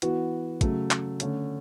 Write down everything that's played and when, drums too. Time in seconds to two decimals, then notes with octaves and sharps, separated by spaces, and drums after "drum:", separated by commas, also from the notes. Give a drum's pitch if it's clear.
0.02 E3 B3 F#4, drum: hi-hat
0.61 C#3 F#3 A3, drum: kick, hi-hat
0.91 drum: clap
1.20 D3 A3 C#4, drum: hi-hat